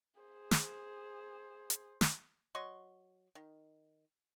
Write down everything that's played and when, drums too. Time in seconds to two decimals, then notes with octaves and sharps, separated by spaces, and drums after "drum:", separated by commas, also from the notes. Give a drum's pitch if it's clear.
0.21 G#4 C5
0.51 drum: snare
1.70 drum: hi-hat
2.01 drum: snare
2.55 F#3 D#5 C6 C#6
3.35 D#3